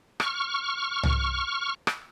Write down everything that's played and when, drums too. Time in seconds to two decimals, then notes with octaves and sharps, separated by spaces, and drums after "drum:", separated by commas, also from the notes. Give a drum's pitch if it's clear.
0.20 C#6 F6, drum: rim click
1.03 drum: tom C2
1.87 drum: rim click